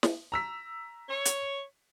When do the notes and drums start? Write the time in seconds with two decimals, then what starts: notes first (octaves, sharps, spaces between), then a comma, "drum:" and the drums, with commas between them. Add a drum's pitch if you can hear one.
0.03 drum: snare
0.32 A#5 E6 B6
1.09 C#5
1.25 drum: hi-hat